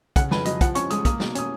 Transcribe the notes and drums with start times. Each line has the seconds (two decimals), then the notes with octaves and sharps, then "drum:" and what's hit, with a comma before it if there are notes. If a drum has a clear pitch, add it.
0.16 C#3 F#5, drum: kick, hi-hat
0.31 F2 B4, drum: snare
0.45 F#3 D#5, drum: hi-hat
0.61 F3 F#5, drum: kick, hi-hat
0.75 C#4 C#6, drum: hi-hat
0.90 G#3 D#6, drum: hi-hat
1.05 A#3 D#6, drum: kick, hi-hat
1.20 B2, drum: snare
1.35 C#4 D#6, drum: hi-hat